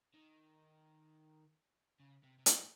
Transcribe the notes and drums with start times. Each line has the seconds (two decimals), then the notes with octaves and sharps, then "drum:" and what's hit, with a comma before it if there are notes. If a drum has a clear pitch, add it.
0.14 D#3
2.00 C#3
2.23 C3
2.39 C3
2.46 A#2, drum: hi-hat